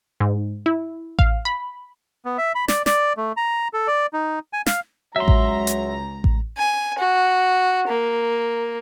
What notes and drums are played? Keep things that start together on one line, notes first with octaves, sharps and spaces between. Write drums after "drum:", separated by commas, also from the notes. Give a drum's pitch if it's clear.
G#2
E4
F5, drum: kick A1
B5
B3
E5
B5
D5, drum: snare
D5, drum: snare
A3
A#5
A4
D5
D#4
G#5
F5, drum: snare
C#2 F#3 E5 A#5 C6
drum: kick A1
drum: hi-hat
drum: kick A1
G#5
F#4
A#3